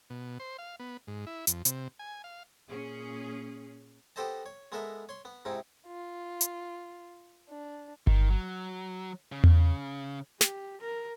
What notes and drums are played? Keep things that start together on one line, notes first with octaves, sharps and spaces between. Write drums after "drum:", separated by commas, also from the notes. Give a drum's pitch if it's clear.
B2
C5
F5
B3
G#2
E4
F2, drum: hi-hat
C3, drum: hi-hat
G#5
F5
A#2 C#4 G#4
B3 G4 A4 C5 D#5 A5
C#5
G#3 B3 A4 A#4 E5
C#5 C6
B3
G#2 C3 D#4 E4
F4
drum: hi-hat
D4
D#3, drum: kick G1
F#3
C#3
drum: tom E2
G4, drum: snare
A#4